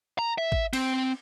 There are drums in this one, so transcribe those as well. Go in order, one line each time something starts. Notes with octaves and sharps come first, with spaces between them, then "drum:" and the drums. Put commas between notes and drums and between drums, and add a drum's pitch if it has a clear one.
A#5
E5
drum: kick
C4, drum: cymbal